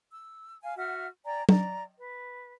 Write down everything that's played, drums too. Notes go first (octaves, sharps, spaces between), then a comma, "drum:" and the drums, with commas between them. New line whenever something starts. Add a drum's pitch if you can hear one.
E6
F5 G#5
F#4 E5 F#5 F6
D5 G5 G#5 A#5
D5 A#5, drum: tom
B4